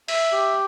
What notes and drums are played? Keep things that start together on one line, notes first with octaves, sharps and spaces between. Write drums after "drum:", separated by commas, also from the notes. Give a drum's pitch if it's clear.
E5, drum: open hi-hat
G4